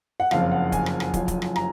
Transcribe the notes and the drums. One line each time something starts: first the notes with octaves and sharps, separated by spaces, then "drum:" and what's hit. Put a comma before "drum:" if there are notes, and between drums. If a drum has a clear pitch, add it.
F#5
F#1 F2 F3 F5, drum: rim click
F#5
G#5, drum: kick, hi-hat
drum: rim click
drum: rim click
F#1 F#2 F3, drum: kick, hi-hat
drum: kick, hi-hat
drum: rim click
A#5, drum: rim click